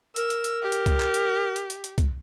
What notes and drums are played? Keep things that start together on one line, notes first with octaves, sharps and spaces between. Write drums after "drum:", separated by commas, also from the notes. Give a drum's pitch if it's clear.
A#4 E6, drum: hi-hat
drum: hi-hat
drum: hi-hat
G4
drum: hi-hat
drum: kick, hi-hat
drum: clap
drum: hi-hat
drum: hi-hat
drum: hi-hat
drum: hi-hat
drum: kick, hi-hat